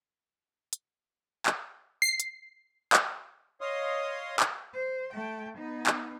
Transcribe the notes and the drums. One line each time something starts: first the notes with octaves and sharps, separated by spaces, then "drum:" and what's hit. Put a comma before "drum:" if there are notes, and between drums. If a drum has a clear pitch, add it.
drum: hi-hat
drum: clap
C7
drum: hi-hat
drum: clap
C#5 D#5 F5 C6 D#6
drum: clap
C5
A3 G5
B3 D#4
drum: clap